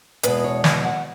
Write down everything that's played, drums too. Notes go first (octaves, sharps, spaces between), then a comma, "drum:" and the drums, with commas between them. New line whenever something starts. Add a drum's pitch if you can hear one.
E2 B2 G#3 B4, drum: hi-hat
C#5
D#5, drum: snare
F#5